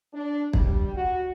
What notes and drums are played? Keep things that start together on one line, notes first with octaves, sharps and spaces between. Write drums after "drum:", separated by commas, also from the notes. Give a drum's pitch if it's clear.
D4
G3, drum: kick
F#4